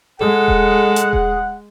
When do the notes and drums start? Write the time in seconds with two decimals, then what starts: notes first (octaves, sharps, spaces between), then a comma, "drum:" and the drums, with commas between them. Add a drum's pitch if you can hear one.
0.21 G#3 G#4 A4 F#5
0.48 drum: kick D#1
0.96 drum: hi-hat
1.13 drum: kick D#1